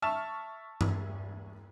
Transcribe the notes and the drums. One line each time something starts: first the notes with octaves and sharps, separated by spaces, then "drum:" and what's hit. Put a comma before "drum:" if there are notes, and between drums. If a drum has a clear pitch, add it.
E5 A5 C#6 F6 E7
drum: tom G2